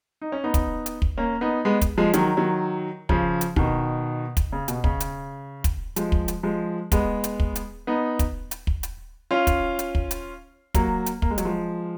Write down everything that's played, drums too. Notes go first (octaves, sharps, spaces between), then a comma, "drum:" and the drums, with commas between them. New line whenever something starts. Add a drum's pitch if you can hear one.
D#4
C#4
B3 D#4
drum: kick, hi-hat
drum: hi-hat
drum: kick
A#3 C#4
B3 D#4
G#3 B3
drum: kick, hi-hat
F3 G#3
D#3 F#3, drum: hi-hat
D#3 F#3
C#3 F3, drum: kick
drum: hi-hat
B2 D#3, drum: kick
drum: kick, hi-hat
C#3
B2, drum: hi-hat
C#3, drum: kick
drum: hi-hat
drum: kick, hi-hat
F3 G#3, drum: hi-hat
drum: kick
drum: hi-hat
F3 G#3
G#3 B3, drum: kick, hi-hat
drum: hi-hat
drum: kick
drum: hi-hat
B3 D#4
drum: kick, hi-hat
drum: hi-hat
drum: kick
drum: hi-hat
C#4 F4
drum: kick, hi-hat
drum: hi-hat
drum: kick
drum: hi-hat
F#3 A#3, drum: kick, hi-hat
drum: hi-hat
A#3, drum: kick
G#3
F#3, drum: hi-hat
F3 G#3